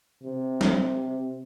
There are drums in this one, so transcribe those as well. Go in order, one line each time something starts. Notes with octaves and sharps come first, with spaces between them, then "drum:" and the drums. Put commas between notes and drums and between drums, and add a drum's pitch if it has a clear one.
C3
drum: snare